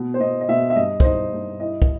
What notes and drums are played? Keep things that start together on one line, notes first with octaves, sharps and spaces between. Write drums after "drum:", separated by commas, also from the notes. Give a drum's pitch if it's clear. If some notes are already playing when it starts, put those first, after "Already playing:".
Already playing: B2
C5
B2 D#5
D#5
B2 E5
E5
G2 D#5
C5, drum: kick
D#4 D#5
G2
E4 D#5
drum: kick